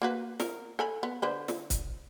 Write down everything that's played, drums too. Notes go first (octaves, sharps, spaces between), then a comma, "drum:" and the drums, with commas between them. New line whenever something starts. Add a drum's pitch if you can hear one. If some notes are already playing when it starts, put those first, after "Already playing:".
A#3 F#4 B4
A#4, drum: snare
A4 G#5 B5
B3
D3 B4 C5
drum: snare
drum: kick, hi-hat